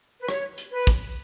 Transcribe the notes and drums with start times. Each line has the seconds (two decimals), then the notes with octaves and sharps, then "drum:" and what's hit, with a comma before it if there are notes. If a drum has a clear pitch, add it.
0.20 B4
0.29 C#5, drum: rim click
0.58 drum: hi-hat
0.73 B4
0.87 drum: kick, hi-hat